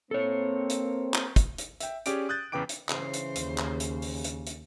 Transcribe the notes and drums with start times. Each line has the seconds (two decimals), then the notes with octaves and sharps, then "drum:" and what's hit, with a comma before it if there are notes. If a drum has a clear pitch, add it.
0.11 A#3 C4 A4 C#5
0.70 drum: hi-hat
1.14 drum: clap
1.36 drum: kick, hi-hat
1.58 drum: hi-hat
1.80 E5 G5, drum: hi-hat
2.06 C#4 G4 G#4 D5 D7, drum: hi-hat
2.29 D#6 F#6 G6 A6
2.52 E2 C#3 B4 G5 D6 D7
2.69 drum: hi-hat
2.89 C#3 E3 C5, drum: clap
3.14 drum: hi-hat
3.36 D#2, drum: hi-hat
3.58 drum: clap
3.80 drum: hi-hat
4.02 drum: open hi-hat
4.24 drum: hi-hat
4.47 drum: hi-hat